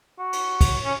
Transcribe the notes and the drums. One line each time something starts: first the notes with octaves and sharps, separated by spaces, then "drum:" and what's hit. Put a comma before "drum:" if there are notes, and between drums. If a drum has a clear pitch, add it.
F#4
drum: cymbal
drum: kick, cymbal
C#4